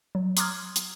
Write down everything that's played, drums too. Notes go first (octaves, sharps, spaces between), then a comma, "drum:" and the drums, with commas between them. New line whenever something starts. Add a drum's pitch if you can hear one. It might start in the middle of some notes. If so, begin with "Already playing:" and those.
F#3
A#5 C6 D6 D#6 F6 G#6, drum: hi-hat
drum: hi-hat